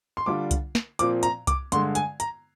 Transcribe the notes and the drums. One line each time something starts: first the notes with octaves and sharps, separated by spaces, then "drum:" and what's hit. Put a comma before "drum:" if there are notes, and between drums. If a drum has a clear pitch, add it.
C6
D3 G3 D4 F4 D6
drum: kick C2, hi-hat
drum: snare
A#2 F3 C4 D6, drum: hi-hat
A#5, drum: hi-hat
D6, drum: kick C2, hi-hat
G2 D3 G#3 C6, drum: hi-hat
G#5, drum: hi-hat
A#5, drum: hi-hat